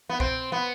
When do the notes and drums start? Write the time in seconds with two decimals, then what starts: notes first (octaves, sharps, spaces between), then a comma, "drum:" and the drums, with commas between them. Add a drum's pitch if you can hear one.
0.09 B3
0.20 C4, drum: kick C2
0.52 B3